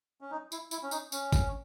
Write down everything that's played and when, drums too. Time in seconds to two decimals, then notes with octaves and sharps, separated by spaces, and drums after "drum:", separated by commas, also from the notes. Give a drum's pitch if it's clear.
0.21 C#4
0.31 D#4
0.52 E4, drum: tambourine
0.71 E4, drum: tambourine
0.83 C#4
0.91 D#4, drum: tambourine
1.12 C#4, drum: tambourine
1.32 drum: kick G#1, tambourine